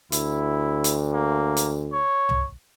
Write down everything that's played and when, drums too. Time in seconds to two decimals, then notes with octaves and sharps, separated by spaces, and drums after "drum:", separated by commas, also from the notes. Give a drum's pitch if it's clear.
0.12 D2 E4, drum: hi-hat
0.84 drum: hi-hat
1.14 A#3
1.57 drum: hi-hat
1.93 C#5
2.29 drum: tom C2